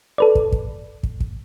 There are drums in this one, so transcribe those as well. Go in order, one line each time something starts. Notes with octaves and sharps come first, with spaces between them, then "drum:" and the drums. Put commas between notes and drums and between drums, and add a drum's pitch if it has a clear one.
A4 B4 D5
drum: kick
drum: kick
drum: kick
drum: kick